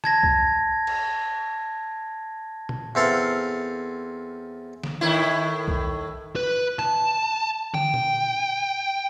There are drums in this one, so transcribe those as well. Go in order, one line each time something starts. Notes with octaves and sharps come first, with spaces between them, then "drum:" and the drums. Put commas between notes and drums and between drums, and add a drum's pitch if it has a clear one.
A5 G#6 A#6, drum: rim click
drum: kick
drum: cymbal
drum: tom A#2
E2 C4 A4 F5
drum: snare
A2 D#3 E4
drum: kick
B4
A5, drum: rim click
G5, drum: tom
drum: tom A#2